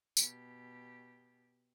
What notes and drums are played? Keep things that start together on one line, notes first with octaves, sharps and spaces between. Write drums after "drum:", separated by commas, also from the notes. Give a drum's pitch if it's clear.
B2 G4, drum: tambourine